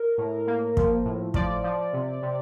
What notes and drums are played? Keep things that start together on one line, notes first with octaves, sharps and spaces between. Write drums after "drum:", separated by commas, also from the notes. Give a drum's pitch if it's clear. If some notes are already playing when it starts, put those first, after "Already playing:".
Already playing: A#4
A2
A#3
F3, drum: kick
A2
F3 D5, drum: kick
F3
C3
C3